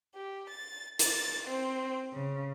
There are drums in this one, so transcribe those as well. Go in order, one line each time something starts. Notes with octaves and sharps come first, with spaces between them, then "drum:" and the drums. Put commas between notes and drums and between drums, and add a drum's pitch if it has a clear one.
G4
A6
A6, drum: hi-hat
C4
C#3